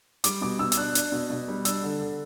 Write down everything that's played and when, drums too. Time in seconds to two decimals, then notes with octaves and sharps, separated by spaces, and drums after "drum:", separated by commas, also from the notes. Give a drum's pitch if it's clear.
0.24 G3 D6, drum: hi-hat
0.41 B2 D6
0.59 B2 E6
0.72 E6, drum: hi-hat
0.77 D4 F#6
0.95 D4, drum: hi-hat
1.12 B2
1.30 B2
1.48 G3
1.65 D4 E6, drum: hi-hat
1.83 D3
2.01 D3